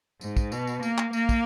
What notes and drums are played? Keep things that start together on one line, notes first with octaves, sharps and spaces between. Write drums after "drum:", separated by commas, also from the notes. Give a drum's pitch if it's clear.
G#2, drum: tambourine
drum: kick, tambourine
B2, drum: tambourine
drum: tambourine
A#3, drum: tambourine
drum: clap
A#3, drum: tambourine
drum: kick, tambourine